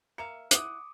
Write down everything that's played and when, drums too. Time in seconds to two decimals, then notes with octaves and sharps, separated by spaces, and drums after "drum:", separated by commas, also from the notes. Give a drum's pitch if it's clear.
0.18 A#3 E5 F5 C#7
0.51 E4 F#5 D6 D#6, drum: hi-hat